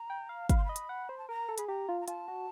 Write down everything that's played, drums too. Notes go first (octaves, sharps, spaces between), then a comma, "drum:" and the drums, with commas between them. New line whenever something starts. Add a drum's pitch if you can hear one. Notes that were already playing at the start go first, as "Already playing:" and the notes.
Already playing: A#5
G5
F5
F5 B5, drum: kick, hi-hat
C6
D#5 B5
drum: hi-hat
F#5
C5
A5
A#4 A#5
A4
G#4 B5, drum: hi-hat
G4 A#5
F4
A#5
F4 A5, drum: hi-hat
F#4